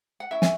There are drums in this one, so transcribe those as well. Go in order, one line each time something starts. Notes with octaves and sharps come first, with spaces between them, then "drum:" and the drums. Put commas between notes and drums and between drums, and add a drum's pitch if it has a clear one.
F#5
C#4 E4 B4 E5
G#5, drum: snare